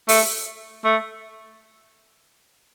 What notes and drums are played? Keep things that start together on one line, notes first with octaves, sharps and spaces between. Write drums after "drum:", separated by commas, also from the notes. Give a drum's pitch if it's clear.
A3, drum: open hi-hat
A3